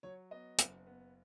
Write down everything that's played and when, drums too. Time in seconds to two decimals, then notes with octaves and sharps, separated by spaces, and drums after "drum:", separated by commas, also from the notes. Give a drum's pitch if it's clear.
0.03 F#3 C#5
0.31 B3 D#5
0.58 F#1, drum: hi-hat
0.87 B3